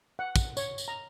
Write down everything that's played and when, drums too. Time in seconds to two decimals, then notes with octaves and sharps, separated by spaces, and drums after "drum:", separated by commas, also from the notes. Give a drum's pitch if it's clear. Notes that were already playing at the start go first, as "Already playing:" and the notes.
0.19 F#5
0.36 drum: kick, tambourine
0.57 C#5, drum: tambourine
0.78 drum: tambourine
0.88 A#5